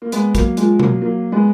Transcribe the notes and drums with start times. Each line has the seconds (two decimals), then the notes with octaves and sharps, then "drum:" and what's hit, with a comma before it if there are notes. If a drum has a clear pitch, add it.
0.02 A#3
0.12 G#3 B3, drum: hi-hat
0.35 F#3 A#3, drum: kick, hi-hat
0.57 F3 G#3, drum: hi-hat
0.80 F#3 A#3, drum: tom B2
1.01 F#3 A#3
1.32 G#3 B3